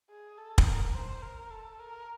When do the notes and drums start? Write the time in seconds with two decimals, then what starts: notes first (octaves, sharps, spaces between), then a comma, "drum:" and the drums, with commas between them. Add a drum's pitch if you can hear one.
0.10 G#4
0.38 A4
0.58 drum: kick
0.67 A#4
0.95 C5
1.22 A#4
1.50 A4
1.79 A#4